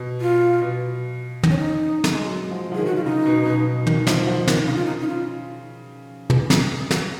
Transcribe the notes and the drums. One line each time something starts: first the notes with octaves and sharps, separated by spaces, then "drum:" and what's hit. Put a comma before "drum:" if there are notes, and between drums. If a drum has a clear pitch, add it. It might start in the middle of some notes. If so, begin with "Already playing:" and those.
Already playing: B2
F4
B2
D#4, drum: tom
C#4
D#4
drum: snare
G#3
F#3
F3
F3
D#3 G#4
F#4
F4
C#3 D#4
B2
B2
D#3, drum: tom
F3, drum: snare
F3
D#3, drum: snare
C#3 D#4
F4
D#4
D#4
F4
drum: tom
drum: snare
drum: snare